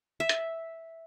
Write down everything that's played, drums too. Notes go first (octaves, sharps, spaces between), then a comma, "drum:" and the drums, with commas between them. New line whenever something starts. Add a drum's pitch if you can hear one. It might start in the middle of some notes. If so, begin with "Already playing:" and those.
E5
drum: hi-hat